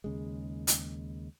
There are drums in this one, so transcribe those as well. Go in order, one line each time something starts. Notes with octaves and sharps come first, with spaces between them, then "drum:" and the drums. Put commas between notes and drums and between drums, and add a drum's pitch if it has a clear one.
D#2 C#3 G#3
drum: hi-hat